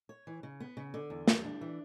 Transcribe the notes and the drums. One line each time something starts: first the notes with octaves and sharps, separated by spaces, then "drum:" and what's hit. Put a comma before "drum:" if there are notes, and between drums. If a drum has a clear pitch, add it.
C#5
E3
C#3
B3
C#3
D3
E2
G3, drum: snare
D4
E3